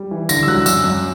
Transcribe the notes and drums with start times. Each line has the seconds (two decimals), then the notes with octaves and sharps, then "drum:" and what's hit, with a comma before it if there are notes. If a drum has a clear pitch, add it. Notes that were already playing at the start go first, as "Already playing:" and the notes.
Already playing: G3
0.11 E3
0.29 D3 A#6, drum: tambourine
0.43 E6
0.47 F#3 F#6
0.66 F#2 E6, drum: tambourine
0.84 F#2